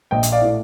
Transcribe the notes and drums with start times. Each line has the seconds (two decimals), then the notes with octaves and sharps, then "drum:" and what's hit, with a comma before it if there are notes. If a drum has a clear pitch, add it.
0.11 A#1 D#5 G5
0.23 drum: hi-hat
0.32 D5 F5
0.41 A2 A3